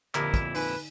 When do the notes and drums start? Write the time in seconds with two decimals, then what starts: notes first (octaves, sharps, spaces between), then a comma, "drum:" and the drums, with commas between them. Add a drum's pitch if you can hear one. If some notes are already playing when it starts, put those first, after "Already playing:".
0.15 F2 A#2 D3 E4 G4 A#4 D6, drum: clap
0.34 drum: kick, hi-hat
0.55 D#4 B4 G#5, drum: open hi-hat